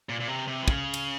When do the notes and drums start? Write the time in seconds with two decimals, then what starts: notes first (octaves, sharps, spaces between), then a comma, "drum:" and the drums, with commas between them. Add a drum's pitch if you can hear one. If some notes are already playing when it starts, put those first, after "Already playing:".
0.09 A#2
0.20 A#2
0.28 C3
0.48 C3
0.62 E3
0.68 C#3, drum: kick
0.94 drum: cymbal